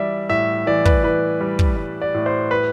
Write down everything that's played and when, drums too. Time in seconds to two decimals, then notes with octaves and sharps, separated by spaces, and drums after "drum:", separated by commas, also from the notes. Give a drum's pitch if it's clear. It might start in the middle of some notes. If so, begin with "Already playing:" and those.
Already playing: E3 G3 D5 E5
0.29 A2 E5
0.67 E3 D5
0.85 B4, drum: kick
1.03 E3 B4
1.41 G3
1.59 drum: kick
1.77 G3
2.02 D5
2.14 A2
2.26 C5
2.51 B4